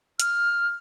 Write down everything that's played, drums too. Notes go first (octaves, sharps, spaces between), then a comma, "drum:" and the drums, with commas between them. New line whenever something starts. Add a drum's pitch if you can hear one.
F6, drum: hi-hat